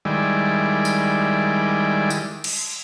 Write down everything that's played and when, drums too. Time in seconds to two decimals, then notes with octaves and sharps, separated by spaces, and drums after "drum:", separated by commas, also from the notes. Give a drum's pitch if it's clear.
0.05 D#3 G3 G#3 E4 D5
0.85 drum: tambourine
2.10 drum: tambourine
2.44 drum: cymbal